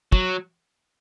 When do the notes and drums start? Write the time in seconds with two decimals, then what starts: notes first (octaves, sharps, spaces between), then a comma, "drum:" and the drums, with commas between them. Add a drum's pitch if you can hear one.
0.12 F#3, drum: kick